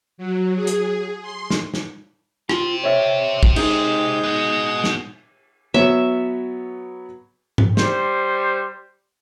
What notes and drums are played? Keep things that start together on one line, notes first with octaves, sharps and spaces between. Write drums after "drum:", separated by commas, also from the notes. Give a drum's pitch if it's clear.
F#3
G#4
drum: hi-hat
C6
drum: snare
drum: snare
F4 G4 C5, drum: rim click
C#5 E5
drum: kick
G#3 D#4 G#4 G6, drum: cymbal
B3 F#4
drum: snare
F#3 B3 C#5 E5
drum: tom G#2
G3 C5, drum: snare